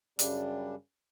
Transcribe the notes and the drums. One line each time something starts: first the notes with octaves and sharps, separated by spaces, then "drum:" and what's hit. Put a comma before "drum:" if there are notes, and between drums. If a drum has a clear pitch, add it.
F#2 C#3 G3 D4, drum: hi-hat